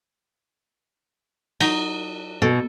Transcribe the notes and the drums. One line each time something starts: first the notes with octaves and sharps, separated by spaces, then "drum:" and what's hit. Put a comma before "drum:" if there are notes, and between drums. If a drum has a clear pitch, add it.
F#3 D#4 A#5, drum: cymbal
B2 A4